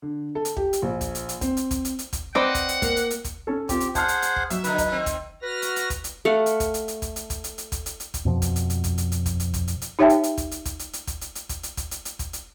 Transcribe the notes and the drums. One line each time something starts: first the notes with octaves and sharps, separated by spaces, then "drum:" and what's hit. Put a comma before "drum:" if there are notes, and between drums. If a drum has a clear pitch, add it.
D3
A4
drum: hi-hat
G4, drum: kick
drum: hi-hat
A#1
drum: kick, hi-hat
drum: hi-hat
drum: hi-hat
C4, drum: kick, hi-hat
drum: hi-hat
drum: kick, hi-hat
drum: hi-hat
drum: hi-hat
drum: kick, hi-hat
C4 B4 D5 D#5 F#5 G5
drum: kick, hi-hat
drum: hi-hat
A#3, drum: kick, hi-hat
drum: hi-hat
drum: hi-hat
drum: kick, hi-hat
C#4 A4
C4 F4 G4, drum: kick, hi-hat
drum: hi-hat
G#4 C5 F#5 A5 F6, drum: kick, hi-hat
drum: hi-hat
drum: hi-hat
drum: kick
F#3 E5, drum: hi-hat
D3 D#3 D#4 B4, drum: hi-hat
drum: kick, hi-hat
D#3 C4
drum: kick, hi-hat
F#4 B4 F6 A#6
drum: hi-hat
drum: hi-hat
drum: kick, hi-hat
drum: hi-hat
A3 F5 F#5
drum: hi-hat
drum: kick, hi-hat
drum: hi-hat
drum: hi-hat
drum: kick, hi-hat
drum: hi-hat
drum: kick, hi-hat
drum: hi-hat
drum: hi-hat
drum: kick, hi-hat
drum: hi-hat
drum: hi-hat
drum: kick, hi-hat
F2 B2 F3
drum: kick, hi-hat
drum: hi-hat
drum: hi-hat
drum: kick, hi-hat
drum: hi-hat
drum: hi-hat
drum: kick, hi-hat
drum: hi-hat
drum: kick, hi-hat
drum: hi-hat
drum: hi-hat
D#4 G4 C#5 E5 G5 A5
drum: hi-hat
drum: hi-hat
drum: kick, hi-hat
drum: hi-hat
drum: kick, hi-hat
drum: hi-hat
drum: hi-hat
drum: kick, hi-hat
drum: hi-hat
drum: hi-hat
drum: kick, hi-hat
drum: hi-hat
drum: kick, hi-hat
drum: hi-hat
drum: hi-hat
drum: kick, hi-hat
drum: hi-hat